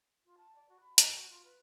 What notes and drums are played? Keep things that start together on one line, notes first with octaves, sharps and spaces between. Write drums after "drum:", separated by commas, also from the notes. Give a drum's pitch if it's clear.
F4
A5
D5
F#4
B5
D#5, drum: hi-hat
F#4
F4
B4